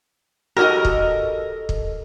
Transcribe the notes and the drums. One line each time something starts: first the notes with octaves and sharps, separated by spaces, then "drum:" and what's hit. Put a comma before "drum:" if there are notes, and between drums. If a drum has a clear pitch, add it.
D#4 F#4 G4 A4 A#4 C#5 D#5
drum: kick
drum: kick